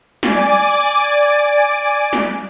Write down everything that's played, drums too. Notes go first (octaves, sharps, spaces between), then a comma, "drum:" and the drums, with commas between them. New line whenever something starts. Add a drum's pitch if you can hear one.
D5 G#5 D6, drum: snare
drum: snare